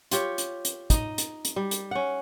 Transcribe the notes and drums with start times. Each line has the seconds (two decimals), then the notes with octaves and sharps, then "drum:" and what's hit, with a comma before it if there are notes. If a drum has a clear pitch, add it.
0.11 F4 G4 C#5, drum: hi-hat
0.38 drum: hi-hat
0.65 drum: hi-hat
0.90 D#4 D#5, drum: kick, hi-hat
1.18 drum: hi-hat
1.45 drum: hi-hat
1.56 G3
1.71 drum: hi-hat
1.91 C#4 F#5